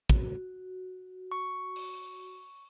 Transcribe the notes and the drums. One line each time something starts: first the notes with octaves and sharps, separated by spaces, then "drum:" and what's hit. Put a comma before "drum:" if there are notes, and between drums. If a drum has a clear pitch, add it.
F#4, drum: kick
C#6
drum: open hi-hat